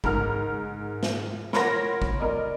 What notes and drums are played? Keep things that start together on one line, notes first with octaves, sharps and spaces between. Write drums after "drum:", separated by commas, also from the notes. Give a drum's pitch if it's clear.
G#2 A#4 A#5 F6, drum: kick
drum: snare
A#4 C#5 F#5 B5 C6 A#6, drum: snare
drum: kick
A#4 D5 D#5